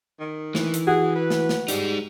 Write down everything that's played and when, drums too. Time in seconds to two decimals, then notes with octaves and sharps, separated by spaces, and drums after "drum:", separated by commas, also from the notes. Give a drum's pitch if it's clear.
0.20 D#3
0.55 E3, drum: snare
0.74 drum: hi-hat
0.87 F#4 G#4
1.16 B4
1.30 drum: snare
1.49 drum: snare
1.68 G3 G#3 D#4, drum: hi-hat